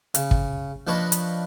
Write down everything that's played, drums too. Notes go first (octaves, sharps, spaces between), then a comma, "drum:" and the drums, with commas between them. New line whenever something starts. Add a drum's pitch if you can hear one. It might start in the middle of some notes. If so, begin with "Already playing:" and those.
C#3, drum: hi-hat
drum: kick
F3 D4 B4 C#5 D#5
drum: hi-hat